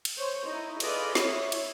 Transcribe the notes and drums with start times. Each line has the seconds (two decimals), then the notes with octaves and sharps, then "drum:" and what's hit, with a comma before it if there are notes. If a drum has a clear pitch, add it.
0.05 drum: cymbal
0.18 C5 C#5
0.47 D#4 E4
0.80 F4 G#4 A4 B4 D5 D#5, drum: cymbal
1.15 E4 C#5, drum: snare
1.52 drum: cymbal